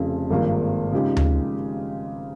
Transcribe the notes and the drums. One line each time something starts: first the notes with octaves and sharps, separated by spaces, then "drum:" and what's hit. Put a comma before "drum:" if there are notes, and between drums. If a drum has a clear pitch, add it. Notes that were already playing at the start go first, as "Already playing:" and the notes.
Already playing: F1 F2 C#3
G#1 G2 F3 A#3
C#3 F3 G#3 D#4 G4
drum: tom D2